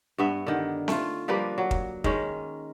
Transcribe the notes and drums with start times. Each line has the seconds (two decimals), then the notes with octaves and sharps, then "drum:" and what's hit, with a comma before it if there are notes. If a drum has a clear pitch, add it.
0.18 G2 B3 E5
0.47 D3 D#3
0.88 A3 F4, drum: snare C4
1.28 F3 G3 A#3 B4
1.58 F#3
1.71 drum: kick
2.04 D#3 G#3 C#4, drum: kick